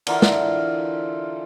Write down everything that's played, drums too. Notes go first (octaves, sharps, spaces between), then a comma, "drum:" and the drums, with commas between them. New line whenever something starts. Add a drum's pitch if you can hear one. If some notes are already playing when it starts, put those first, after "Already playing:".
D3 E3 F4 A#4, drum: cymbal
drum: snare